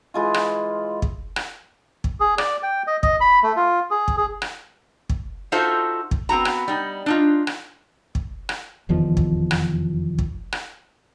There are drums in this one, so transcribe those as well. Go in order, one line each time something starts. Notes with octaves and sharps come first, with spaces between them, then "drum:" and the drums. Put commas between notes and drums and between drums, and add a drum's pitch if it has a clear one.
E3 G#3 F4
drum: rim click
drum: kick
drum: rim click
drum: kick
G#4
D5, drum: rim click
G5
D#5
D#5, drum: kick
B5
A3
F4
G#4
drum: kick
G#4
drum: rim click
drum: kick
D#4 F4 F#4 A4 C5 E5
drum: kick
B3 C4 F#4 A#5
drum: rim click
G3 D#4
D4 D#4 F4
drum: rim click
drum: kick
drum: rim click
F1 E2 D#3 F3
drum: kick
drum: rim click
drum: kick
drum: rim click